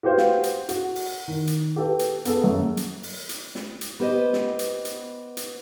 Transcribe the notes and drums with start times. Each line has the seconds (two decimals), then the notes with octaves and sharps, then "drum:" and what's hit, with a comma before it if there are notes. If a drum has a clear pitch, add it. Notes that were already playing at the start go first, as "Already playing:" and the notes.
0.03 F#4 G4 B4 C5 F5
0.18 drum: snare
0.43 drum: hi-hat
0.69 F#4, drum: hi-hat
0.95 drum: open hi-hat
1.28 D#3
1.47 drum: hi-hat
1.76 G4 A4 B4
1.99 drum: hi-hat
2.25 B3 G#4 A4, drum: hi-hat
2.44 F#2
2.77 drum: hi-hat
3.03 drum: open hi-hat
3.29 drum: hi-hat
3.55 drum: snare
3.81 drum: hi-hat
4.00 B3 G4 B4 C5 D#5
4.33 drum: snare
4.59 drum: hi-hat
4.85 drum: hi-hat
5.37 drum: hi-hat